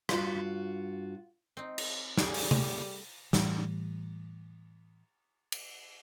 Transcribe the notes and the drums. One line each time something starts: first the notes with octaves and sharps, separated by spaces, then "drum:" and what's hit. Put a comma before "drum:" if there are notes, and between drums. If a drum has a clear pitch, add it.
G2 F4 F#4, drum: rim click
C4 D#4
drum: cymbal
G3 A3 G#4 C#5, drum: snare
drum: open hi-hat
drum: tom C3
A2 E3 G3, drum: snare
drum: cymbal